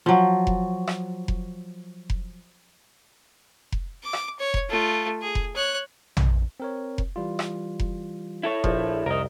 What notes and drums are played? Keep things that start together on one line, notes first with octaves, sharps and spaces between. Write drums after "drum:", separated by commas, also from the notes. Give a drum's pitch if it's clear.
F3 F#3
drum: kick F1
drum: rim click
drum: kick F1
drum: kick F1
drum: kick F1
D6
drum: rim click
C#5
drum: kick F1
A3 F4
G#4
drum: kick F1
C#5 F#6
drum: tom A#1
C4 A#4 C#5
drum: kick F1
E3 G3 F4
drum: rim click
drum: kick F1
E4 A4 C#5
A#1 F3, drum: kick F1
C2 F2 A#4 D#5